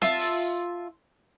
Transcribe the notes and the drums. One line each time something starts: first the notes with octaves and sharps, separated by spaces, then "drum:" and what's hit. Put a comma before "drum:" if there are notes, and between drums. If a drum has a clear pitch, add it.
F4 E5 A5, drum: snare C4
drum: open hi-hat